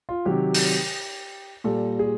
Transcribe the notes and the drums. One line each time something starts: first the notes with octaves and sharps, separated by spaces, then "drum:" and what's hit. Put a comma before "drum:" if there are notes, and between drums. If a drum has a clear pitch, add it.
F4
C3 D#3 F#3 G4
drum: open hi-hat
A#2 G3 A4
G#4